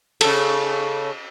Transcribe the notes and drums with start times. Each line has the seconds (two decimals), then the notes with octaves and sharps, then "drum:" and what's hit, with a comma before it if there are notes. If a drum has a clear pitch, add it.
0.21 C#3 A4, drum: cymbal